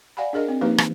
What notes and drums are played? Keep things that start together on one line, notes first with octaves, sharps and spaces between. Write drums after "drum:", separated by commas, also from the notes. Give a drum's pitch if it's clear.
D5 F5 F#5 G#5 B5
D4 G#4 A#4 D#5
C4
F3 A#3 D#4 G4 B4
E3, drum: rim click